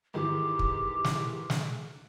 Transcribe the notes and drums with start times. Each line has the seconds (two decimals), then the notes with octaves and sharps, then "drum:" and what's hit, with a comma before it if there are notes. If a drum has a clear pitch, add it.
0.14 G#2 D#3 E3 G4
0.59 drum: kick
1.04 drum: snare
1.50 drum: snare